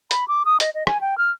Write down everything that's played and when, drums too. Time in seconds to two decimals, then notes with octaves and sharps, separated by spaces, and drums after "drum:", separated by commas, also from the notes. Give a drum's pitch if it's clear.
0.11 B5, drum: hi-hat
0.28 D6
0.45 D#6
0.60 D#5, drum: hi-hat
0.75 D#5
0.87 G#5, drum: rim click
1.01 G5
1.18 F6